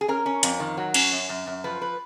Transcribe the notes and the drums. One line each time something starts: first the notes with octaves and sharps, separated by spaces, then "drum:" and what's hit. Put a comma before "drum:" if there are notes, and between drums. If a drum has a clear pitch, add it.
G#4
C#4 A#4
C#4
F2, drum: hi-hat
D#3
F#3
C#4, drum: cymbal
F#2
F#2
F#2
F3 B4
B4